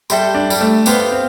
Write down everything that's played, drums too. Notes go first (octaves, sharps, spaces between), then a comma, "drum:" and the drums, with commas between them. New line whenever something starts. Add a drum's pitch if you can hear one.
G3 A4 E5 G5 C6, drum: tambourine
D4
G3, drum: tambourine
A3
B3 G4 C5 F5 C6, drum: tambourine
C4